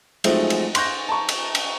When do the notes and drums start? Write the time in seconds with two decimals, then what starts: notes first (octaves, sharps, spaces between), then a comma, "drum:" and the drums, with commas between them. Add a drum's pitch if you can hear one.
0.24 F3 F#3 G#3 A3 C4 D#4, drum: cymbal
0.50 drum: cymbal
0.75 C6 C#6 F#6 G6 A#6, drum: cymbal
1.08 A5 A#5 C#6
1.29 drum: cymbal
1.55 drum: cymbal